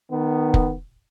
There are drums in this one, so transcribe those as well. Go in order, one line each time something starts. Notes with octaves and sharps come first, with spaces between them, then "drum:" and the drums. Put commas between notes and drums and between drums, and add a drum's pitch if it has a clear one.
D#3 B3
drum: kick